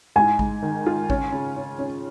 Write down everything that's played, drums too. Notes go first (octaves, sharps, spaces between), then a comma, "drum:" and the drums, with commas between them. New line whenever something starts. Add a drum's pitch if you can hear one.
G#2 G#5
G#2, drum: kick A1
D#3
F4
C#4, drum: kick A1
C#3
C#4
C#4